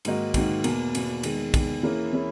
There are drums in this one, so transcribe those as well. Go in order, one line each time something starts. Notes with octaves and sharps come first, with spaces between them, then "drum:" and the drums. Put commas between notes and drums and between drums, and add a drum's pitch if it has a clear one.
G#2 D#3 A#3 D#4 F#4, drum: cymbal
G#2 D#3 A#3 D#4 F#4, drum: kick, cymbal
E2 B2 A#3, drum: cymbal
E2 B2 A#3, drum: cymbal
E2 D#3 G#3, drum: cymbal
E2 D#3 G#3, drum: kick, cymbal
E3 A#3 C#4 E4 G#4
E3 A#3 C#4 E4 G#4